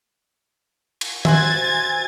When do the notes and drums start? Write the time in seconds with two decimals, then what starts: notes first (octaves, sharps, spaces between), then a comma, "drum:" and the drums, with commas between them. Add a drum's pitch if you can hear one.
1.01 drum: cymbal
1.25 F#4 C5 E5 G#5 G#6 A6, drum: tom D#3